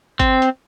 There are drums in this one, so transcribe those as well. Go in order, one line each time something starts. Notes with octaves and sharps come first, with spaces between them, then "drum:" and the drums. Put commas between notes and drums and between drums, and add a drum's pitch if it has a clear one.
C4, drum: kick G1, hi-hat
drum: hi-hat